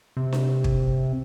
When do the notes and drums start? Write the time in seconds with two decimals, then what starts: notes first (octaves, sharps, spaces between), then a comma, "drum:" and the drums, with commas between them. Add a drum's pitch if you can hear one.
0.17 C3
0.33 drum: snare D4
0.64 drum: kick